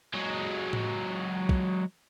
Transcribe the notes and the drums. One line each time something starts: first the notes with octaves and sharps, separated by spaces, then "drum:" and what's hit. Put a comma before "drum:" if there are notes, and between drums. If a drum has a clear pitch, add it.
F#3 G#3
drum: tom A2
drum: kick